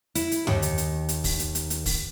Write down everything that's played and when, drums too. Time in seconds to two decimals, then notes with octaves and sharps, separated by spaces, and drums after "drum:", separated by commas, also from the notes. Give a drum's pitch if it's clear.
0.15 E4, drum: hi-hat
0.32 drum: hi-hat
0.47 D#2 D#3, drum: tom F#2
0.62 drum: hi-hat
0.78 drum: hi-hat
1.09 drum: hi-hat
1.24 drum: kick, open hi-hat
1.39 drum: hi-hat
1.55 drum: hi-hat
1.70 drum: hi-hat
1.86 drum: kick, open hi-hat